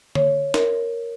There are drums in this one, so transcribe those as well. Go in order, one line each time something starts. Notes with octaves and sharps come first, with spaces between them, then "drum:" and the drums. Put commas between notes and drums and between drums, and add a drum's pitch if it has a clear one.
C#5, drum: tom D3
A#4, drum: snare